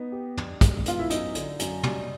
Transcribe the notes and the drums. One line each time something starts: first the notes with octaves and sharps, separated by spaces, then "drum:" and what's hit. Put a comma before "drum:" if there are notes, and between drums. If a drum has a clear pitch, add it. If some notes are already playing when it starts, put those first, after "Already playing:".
Already playing: B3 D#4
G4
D4, drum: tom
G#3, drum: kick, hi-hat
B3 F4, drum: hi-hat
E4
F#2 D#4, drum: hi-hat
D3, drum: hi-hat
F#2, drum: hi-hat
G3, drum: tom